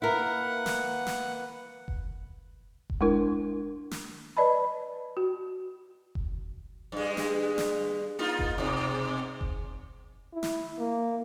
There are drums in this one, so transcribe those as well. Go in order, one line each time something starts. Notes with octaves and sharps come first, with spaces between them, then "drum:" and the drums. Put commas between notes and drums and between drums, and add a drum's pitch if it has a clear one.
A#3 E4 A#4 B4 F#5
drum: snare
drum: snare
drum: kick F1
drum: kick F1
G#3 D4 E4 A#4
drum: snare
B4 D5 D#5 A5 B5
F#4
drum: kick F1
G2 G#3
drum: snare
drum: snare
A#3 D#4 F4
drum: kick F1
G#2 B2
drum: kick F1
E4
drum: snare
A#3